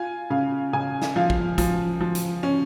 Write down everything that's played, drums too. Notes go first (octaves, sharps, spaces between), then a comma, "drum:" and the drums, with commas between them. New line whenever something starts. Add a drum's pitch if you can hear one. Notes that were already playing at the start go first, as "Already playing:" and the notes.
Already playing: F4 G#5
C#3 F5
C#3 G#5
drum: snare
F3 F5
drum: kick
F3, drum: kick, hi-hat
F3
drum: hi-hat
C#4